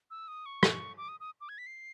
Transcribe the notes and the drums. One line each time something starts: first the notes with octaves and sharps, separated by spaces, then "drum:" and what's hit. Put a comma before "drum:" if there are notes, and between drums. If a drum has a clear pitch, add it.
E6
D#6
C#6
drum: rim click
D6
D#6
D#6
D6
G#6
B6
C7